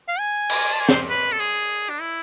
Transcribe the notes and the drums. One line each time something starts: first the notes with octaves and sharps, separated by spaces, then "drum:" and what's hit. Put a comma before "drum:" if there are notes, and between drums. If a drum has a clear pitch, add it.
F5
G#5
drum: cymbal
A5
G#5
C5, drum: snare
B4
A4
G#4
D4
E4